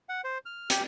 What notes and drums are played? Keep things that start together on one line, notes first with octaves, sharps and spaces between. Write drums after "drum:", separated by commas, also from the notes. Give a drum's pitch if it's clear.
F#5
C5
F6
G4, drum: hi-hat